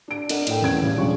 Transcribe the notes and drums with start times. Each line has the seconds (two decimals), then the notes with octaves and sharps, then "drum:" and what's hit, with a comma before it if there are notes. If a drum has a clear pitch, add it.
0.08 D4 D7
0.29 D4 A#4 D#5 F#5, drum: cymbal
0.47 A2 A3 G5, drum: cymbal
0.62 E2 C#4 G#6 D7
0.82 A2 C#3 G3
0.97 E1 C#3 F3 D4 C#6